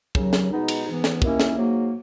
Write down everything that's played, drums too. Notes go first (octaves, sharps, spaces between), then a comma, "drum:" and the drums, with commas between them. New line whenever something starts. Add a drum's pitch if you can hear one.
D#2 C#3 F#3, drum: kick
drum: snare
B2 G#3 B3 D#4
drum: cymbal
G#2 E3 B3
drum: snare
D#2 D#3 A#3 C#4 E4, drum: kick
drum: snare
G#2 F#3 A#3